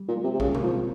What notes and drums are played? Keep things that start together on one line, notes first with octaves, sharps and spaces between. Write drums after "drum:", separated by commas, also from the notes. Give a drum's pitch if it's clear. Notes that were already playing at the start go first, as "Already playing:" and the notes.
Already playing: G3
A#2
G#3
C3
C3
C#3 A#3, drum: kick
A#3, drum: tom B2
F3 C4